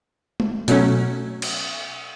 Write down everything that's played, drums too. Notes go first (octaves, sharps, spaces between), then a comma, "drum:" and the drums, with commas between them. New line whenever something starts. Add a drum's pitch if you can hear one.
drum: tom G#3
B2 F#3 A3 C#4, drum: hi-hat
drum: cymbal